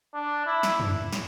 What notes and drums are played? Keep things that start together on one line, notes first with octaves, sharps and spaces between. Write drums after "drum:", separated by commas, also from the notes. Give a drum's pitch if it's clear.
D4
E4
drum: snare
drum: tom
drum: snare